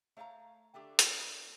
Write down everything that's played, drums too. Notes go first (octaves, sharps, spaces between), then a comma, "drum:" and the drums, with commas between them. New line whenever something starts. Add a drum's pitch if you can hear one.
A3 C#5 F5 G5 A#5
D3 A3 D4 G4
drum: hi-hat